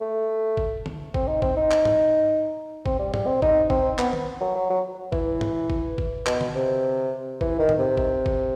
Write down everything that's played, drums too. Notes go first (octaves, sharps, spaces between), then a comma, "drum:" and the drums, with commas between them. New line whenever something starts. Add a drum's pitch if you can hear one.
A3
drum: kick G1
drum: tom D3
C4, drum: kick G1
D#4
C4, drum: kick G1
D#4
drum: clap
drum: tom G#2
C4, drum: kick G1
G3
G3, drum: tom G#2
C4
D#4, drum: kick G1
C4, drum: kick G1
B3, drum: clap
drum: tom D#3
F#3
F#3
F#3
E3, drum: kick G1
drum: tom G#2
drum: kick G1
drum: kick G1
B2, drum: clap
drum: tom D3
C3
E3, drum: kick G1
D#3
drum: tom A2
C3
drum: kick G1
drum: kick G1